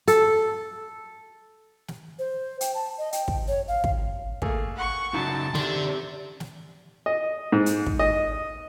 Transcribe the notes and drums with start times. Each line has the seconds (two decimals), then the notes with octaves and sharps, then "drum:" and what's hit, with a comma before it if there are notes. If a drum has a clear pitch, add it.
0.08 A4, drum: hi-hat
1.88 drum: snare
2.19 C5
2.61 G5, drum: hi-hat
2.74 A5
2.98 D#5
3.12 G5, drum: hi-hat
3.28 drum: kick
3.48 C#5
3.68 F5
3.84 drum: kick
4.42 A3 A#3 G#4, drum: kick
4.76 F#5 C#6
5.14 F#2 C#3 D#4 A5
5.55 D3 D#3 D4 G4 C6, drum: snare
6.40 drum: snare
7.06 D#5
7.52 G#2
7.66 drum: hi-hat
7.86 drum: kick
7.99 D#5